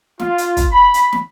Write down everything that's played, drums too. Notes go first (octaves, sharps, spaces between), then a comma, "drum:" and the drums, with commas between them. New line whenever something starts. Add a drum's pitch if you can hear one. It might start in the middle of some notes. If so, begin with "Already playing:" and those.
F4, drum: snare
drum: hi-hat
drum: kick, hi-hat
B5
drum: hi-hat
drum: snare